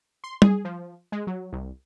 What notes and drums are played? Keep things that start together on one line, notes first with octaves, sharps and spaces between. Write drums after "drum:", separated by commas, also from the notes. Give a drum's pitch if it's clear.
C6
G#4, drum: tom G3
F3
G#3
F#3
C2